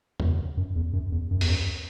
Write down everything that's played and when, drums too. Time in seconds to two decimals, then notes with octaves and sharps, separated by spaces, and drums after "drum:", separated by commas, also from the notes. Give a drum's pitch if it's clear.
0.20 E2, drum: tom F2
0.57 F#2
0.76 E2
0.93 F#2
1.12 E2
1.31 F#2
1.41 E2, drum: open hi-hat
1.51 F#2